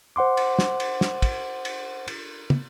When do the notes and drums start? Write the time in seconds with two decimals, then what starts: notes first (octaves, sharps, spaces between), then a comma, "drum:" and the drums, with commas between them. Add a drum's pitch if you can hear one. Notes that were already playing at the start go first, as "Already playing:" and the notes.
0.16 C5 F#5 C6 D6
0.37 drum: cymbal
0.59 drum: snare
0.80 drum: cymbal
1.01 drum: snare
1.22 drum: kick, cymbal
1.65 drum: cymbal
2.08 drum: cymbal
2.50 drum: tom